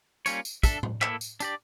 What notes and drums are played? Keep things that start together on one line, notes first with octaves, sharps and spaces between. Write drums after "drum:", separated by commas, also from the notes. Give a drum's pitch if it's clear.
G3 A#3 C#4 F4 C#5, drum: tambourine
drum: tambourine
D4 A4 E5, drum: kick, tambourine
drum: tom A2
A#3 E4 A4 E5, drum: clap
drum: tambourine
D4 G4 D5, drum: tambourine